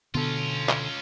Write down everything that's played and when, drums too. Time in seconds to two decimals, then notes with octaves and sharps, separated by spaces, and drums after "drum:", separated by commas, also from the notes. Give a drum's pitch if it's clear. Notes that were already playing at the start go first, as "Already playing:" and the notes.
0.15 B2 D3 B3 C#4 F4 A4
0.69 drum: clap